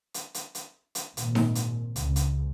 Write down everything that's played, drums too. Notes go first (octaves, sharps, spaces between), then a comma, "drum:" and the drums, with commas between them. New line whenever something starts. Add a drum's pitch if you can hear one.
drum: hi-hat
drum: hi-hat
drum: hi-hat
drum: hi-hat
G#1 A#2, drum: hi-hat
drum: snare D#4
drum: hi-hat
C#2, drum: hi-hat
drum: hi-hat